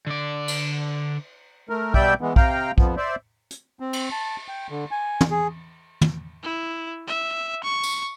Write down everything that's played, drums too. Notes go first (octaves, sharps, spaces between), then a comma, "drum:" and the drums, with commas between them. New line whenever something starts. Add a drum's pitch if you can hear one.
D3 D5
drum: cymbal
A3 A#4
B2 G3 D5 E5 G5 G6, drum: kick
E3 G#3 B3
C3 F5 G5 A#5, drum: kick
F2 F3 B3, drum: kick
C5 D5 E5
drum: hi-hat
C4
drum: cymbal
A5
G5
D3
G#5
drum: tom
G#4
drum: tom
E4
E5
C#6
drum: tambourine